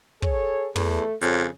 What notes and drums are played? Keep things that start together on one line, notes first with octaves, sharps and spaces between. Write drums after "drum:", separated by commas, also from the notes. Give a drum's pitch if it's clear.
G#4 A4 C#5, drum: kick
E2 A3 A4, drum: tom
F2 C#3, drum: hi-hat